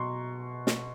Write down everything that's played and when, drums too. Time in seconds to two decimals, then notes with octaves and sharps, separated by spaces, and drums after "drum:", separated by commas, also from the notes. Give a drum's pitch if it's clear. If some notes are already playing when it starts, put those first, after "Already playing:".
Already playing: B2 F#3 A#5 C6 C#6
0.67 drum: snare